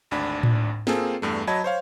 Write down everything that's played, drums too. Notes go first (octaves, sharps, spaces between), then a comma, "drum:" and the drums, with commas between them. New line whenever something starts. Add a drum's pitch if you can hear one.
G#1 D2 D4 B5
drum: tom A2
A#3 C4 F4 G#4 A4, drum: snare
E2 G2 A3
F#3 D#5 A5 B5 G#6
C5 C#5 F5